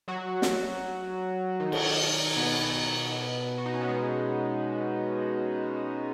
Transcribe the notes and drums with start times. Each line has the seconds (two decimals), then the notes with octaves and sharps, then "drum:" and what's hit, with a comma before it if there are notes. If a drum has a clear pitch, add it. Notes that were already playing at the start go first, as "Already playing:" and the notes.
0.08 F#3 F#4
0.42 drum: snare
1.60 D#3 D#4
1.72 drum: cymbal
2.36 B2 B3
3.58 F#4
3.66 D#4
3.73 C#4
3.81 B3
3.88 G#3